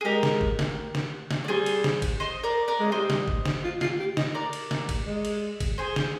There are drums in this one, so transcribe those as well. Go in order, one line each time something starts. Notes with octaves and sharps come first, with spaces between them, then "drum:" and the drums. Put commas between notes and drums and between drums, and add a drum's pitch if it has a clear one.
G#4
G#3 G4 A#4
drum: snare
drum: kick
drum: snare
drum: snare
drum: snare
D5
G3 G#4 C5
drum: cymbal
drum: snare
drum: kick, cymbal
C5 D#5
A#4 D5
A#4 D5
G#3
G3 C5 D#5
drum: snare
drum: kick
drum: snare
F4
F4, drum: snare
G4
D#4, drum: snare
A#4 D5
drum: cymbal
drum: snare
drum: kick, cymbal
G#3
drum: cymbal
drum: kick, cymbal
G#4 C5
drum: snare